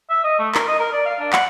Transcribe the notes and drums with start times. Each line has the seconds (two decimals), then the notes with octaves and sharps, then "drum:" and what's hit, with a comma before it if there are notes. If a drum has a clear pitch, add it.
0.10 E5
0.24 D#5
0.39 A3
0.55 A#4, drum: clap
0.68 D#5
0.79 A#4
0.93 D5
1.06 F5
1.20 D4
1.33 F#5, drum: clap